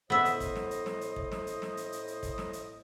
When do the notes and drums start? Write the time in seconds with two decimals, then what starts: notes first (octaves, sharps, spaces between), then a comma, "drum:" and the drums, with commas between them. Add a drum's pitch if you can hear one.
0.10 A2 B3 C5 D#5 E5
0.25 drum: hi-hat
0.40 drum: kick, hi-hat
0.56 drum: snare
0.71 drum: hi-hat
0.86 drum: snare
1.01 drum: hi-hat
1.16 drum: kick
1.32 drum: snare
1.47 drum: hi-hat
1.62 drum: snare
1.77 drum: hi-hat
1.92 drum: hi-hat
2.07 drum: hi-hat
2.23 drum: kick, hi-hat
2.38 drum: snare
2.53 drum: hi-hat